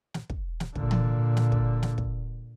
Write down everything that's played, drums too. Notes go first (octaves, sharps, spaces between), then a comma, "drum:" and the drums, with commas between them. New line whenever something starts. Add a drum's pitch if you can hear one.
drum: snare
drum: kick
drum: snare
A#2 D3, drum: kick
drum: tom
drum: snare
drum: kick
drum: snare
drum: kick